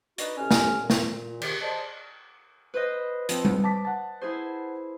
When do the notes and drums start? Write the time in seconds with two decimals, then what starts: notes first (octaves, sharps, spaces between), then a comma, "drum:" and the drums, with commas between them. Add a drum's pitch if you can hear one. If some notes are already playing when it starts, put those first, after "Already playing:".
0.18 D4 D#4 F#4 B4 D5, drum: hi-hat
0.37 A2 C3 C#4 G#5 F6
0.51 drum: snare
0.81 A#2
0.90 drum: snare
1.42 G#2 C3 D#3, drum: cymbal
1.62 G#4 C5 D5 D#5 A5
2.74 B4 C5 D#5
3.29 F3 C4, drum: hi-hat
3.45 drum: tom G3
3.64 A5 D6 B6
3.85 F#5 A5
4.21 E4 G#4 C5